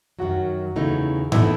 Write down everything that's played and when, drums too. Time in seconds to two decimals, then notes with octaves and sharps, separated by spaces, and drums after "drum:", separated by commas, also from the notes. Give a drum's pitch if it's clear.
0.19 F#2 D#3 F#3 F#4
0.76 E2 C#3 E3 A3 D#4
1.32 E3 B3 D#4 E4 A4, drum: tom G#2